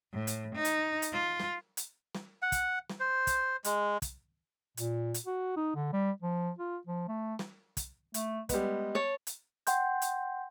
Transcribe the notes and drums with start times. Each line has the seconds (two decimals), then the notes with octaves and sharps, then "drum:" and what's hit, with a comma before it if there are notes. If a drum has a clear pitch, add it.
0.13 A2
0.27 drum: hi-hat
0.55 D#4
0.65 drum: hi-hat
1.02 drum: hi-hat
1.13 F4
1.40 drum: snare
1.77 drum: hi-hat
2.15 drum: snare
2.42 F#5
2.52 drum: kick, hi-hat
2.89 drum: snare
3.00 C5
3.27 drum: kick, hi-hat
3.64 G#3, drum: hi-hat
4.02 drum: kick, hi-hat
4.77 A#2, drum: hi-hat
5.14 drum: hi-hat
5.26 F#4
5.57 D#4
5.76 D3
5.93 G3
6.22 F3
6.59 F4
6.87 F3
7.08 A3
7.39 drum: snare
7.77 drum: kick, hi-hat
8.14 A3, drum: hi-hat
8.49 G3 G#3 B3, drum: kick, hi-hat
8.95 C#5 A5
9.27 drum: hi-hat
9.67 F#5 G5 C6 G6, drum: hi-hat
10.02 drum: hi-hat